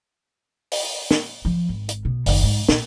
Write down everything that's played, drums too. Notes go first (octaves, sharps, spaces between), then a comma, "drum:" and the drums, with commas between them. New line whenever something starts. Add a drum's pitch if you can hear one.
drum: open hi-hat
drum: snare
F3
G#1
drum: hi-hat
B2
F#1 D#3, drum: open hi-hat
G#2
A#2, drum: snare